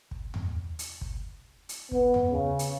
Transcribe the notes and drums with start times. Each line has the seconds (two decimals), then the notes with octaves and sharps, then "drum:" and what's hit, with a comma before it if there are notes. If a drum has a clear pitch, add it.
0.11 drum: kick
0.34 drum: tom
0.79 drum: hi-hat
1.01 drum: kick
1.69 drum: hi-hat
1.91 B3, drum: kick
2.14 drum: tom
2.33 C#3
2.59 drum: hi-hat